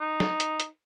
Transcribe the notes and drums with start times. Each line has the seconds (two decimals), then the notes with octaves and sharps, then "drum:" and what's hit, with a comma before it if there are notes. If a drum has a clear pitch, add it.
0.01 D#4
0.20 drum: snare
0.40 drum: hi-hat
0.60 drum: hi-hat